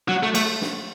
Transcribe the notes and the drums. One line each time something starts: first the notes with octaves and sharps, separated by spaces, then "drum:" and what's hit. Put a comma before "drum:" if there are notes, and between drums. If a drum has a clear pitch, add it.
F#3
A3
A3, drum: cymbal
drum: snare